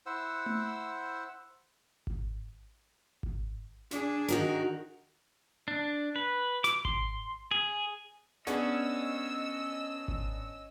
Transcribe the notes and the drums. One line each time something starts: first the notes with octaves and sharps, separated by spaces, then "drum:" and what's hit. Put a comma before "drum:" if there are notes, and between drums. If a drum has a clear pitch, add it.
E4 C5 F#5 E6
drum: tom A3
drum: kick G#1
drum: kick G#1
D4 G#4, drum: snare
D#3 F#4 A#4, drum: hi-hat
D4
B4
D6, drum: snare
C6, drum: kick G#1
G#4
B3 C#4 D4 G#4 D#5 E6, drum: snare
drum: kick G#1